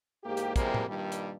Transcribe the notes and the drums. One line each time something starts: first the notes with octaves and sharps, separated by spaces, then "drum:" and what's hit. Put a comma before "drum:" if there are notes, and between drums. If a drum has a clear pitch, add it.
E2 G#2 A#3 G4
drum: hi-hat
E2 C3 F3 G3 G#3 A#3, drum: kick, hi-hat
drum: tom
G2 A#2 D#3 G3
drum: hi-hat